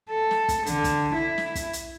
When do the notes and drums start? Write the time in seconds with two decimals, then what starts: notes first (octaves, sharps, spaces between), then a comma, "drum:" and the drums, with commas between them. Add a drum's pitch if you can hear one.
0.10 A4
0.31 drum: snare
0.49 drum: kick, hi-hat
0.66 D3, drum: hi-hat
0.84 drum: kick, hi-hat
1.15 E4
1.38 drum: snare
1.55 drum: kick, hi-hat
1.73 drum: hi-hat